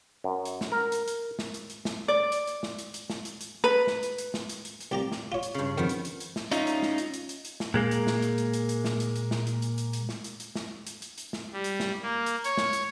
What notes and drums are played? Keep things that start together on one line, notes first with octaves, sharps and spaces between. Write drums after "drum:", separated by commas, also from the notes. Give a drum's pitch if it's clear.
F#2
drum: hi-hat
drum: snare
A#4
drum: hi-hat
drum: hi-hat
drum: snare
drum: hi-hat
drum: hi-hat
drum: snare
D5
drum: hi-hat
drum: hi-hat
drum: snare
drum: hi-hat
drum: hi-hat
drum: snare
drum: hi-hat
drum: hi-hat
B4
drum: snare
drum: hi-hat
drum: hi-hat
drum: snare
drum: hi-hat
drum: hi-hat
drum: hi-hat
C2 G4 D5 A#5
drum: snare
F4 C#5
drum: hi-hat
G2 C#3
F2 D#3 B3
drum: hi-hat
drum: hi-hat
drum: hi-hat
drum: snare
C#4 D#4 F4, drum: hi-hat
drum: hi-hat
drum: snare
drum: hi-hat
drum: hi-hat
drum: hi-hat
drum: hi-hat
drum: snare
A#2 G#3 A#3
drum: hi-hat
drum: snare
drum: hi-hat
drum: hi-hat
drum: hi-hat
drum: hi-hat
drum: snare
drum: hi-hat
drum: hi-hat
drum: snare
drum: hi-hat
drum: hi-hat
drum: hi-hat
drum: hi-hat
drum: snare
drum: hi-hat
drum: hi-hat
drum: snare
drum: hi-hat
drum: hi-hat
drum: hi-hat
drum: snare
G3
drum: hi-hat
drum: snare
A#3
drum: hi-hat
C#5, drum: hi-hat
drum: snare
drum: hi-hat